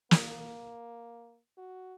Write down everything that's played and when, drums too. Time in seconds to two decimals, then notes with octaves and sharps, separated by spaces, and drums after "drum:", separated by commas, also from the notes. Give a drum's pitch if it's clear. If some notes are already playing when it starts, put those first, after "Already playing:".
0.11 A#3, drum: snare
1.58 F#4